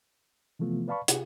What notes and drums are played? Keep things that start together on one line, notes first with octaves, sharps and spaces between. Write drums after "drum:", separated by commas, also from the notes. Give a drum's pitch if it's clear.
C3 E3 F3 A3 B3 F4
B4 D5 F5 A5 B5 C#6
C3 F4 G4 G#4, drum: hi-hat